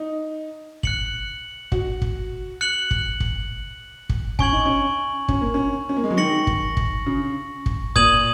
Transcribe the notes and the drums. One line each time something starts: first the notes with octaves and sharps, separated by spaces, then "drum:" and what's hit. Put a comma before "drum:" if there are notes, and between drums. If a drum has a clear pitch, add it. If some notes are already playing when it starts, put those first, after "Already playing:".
Already playing: D#4
F#6 C#7 F#7, drum: kick
F#4, drum: kick
drum: kick
F#6 C#7 F#7
drum: kick
drum: kick
drum: kick
C#4 G#5 C#6 G#6 F#7, drum: kick
D#4
C#4
C#4, drum: kick
A#3
C#4
C#4
A#3
G#3
F#3
D#3 C#6 A#6 C#7 F#7
drum: kick
drum: kick
C#3
drum: kick
A#2 D#6 G#6 D#7 F#7, drum: kick